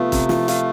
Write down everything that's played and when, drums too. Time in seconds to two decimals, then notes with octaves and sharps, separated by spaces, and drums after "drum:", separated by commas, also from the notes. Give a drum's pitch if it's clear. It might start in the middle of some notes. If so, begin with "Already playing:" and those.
Already playing: C3 F3 A3 B3 F4
0.12 C3, drum: kick, hi-hat
0.29 F3, drum: snare
0.48 F4, drum: hi-hat